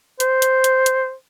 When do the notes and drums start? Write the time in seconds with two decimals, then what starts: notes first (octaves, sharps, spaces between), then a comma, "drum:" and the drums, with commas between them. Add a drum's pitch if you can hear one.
0.20 C5, drum: hi-hat
0.42 drum: hi-hat
0.64 drum: hi-hat
0.86 drum: hi-hat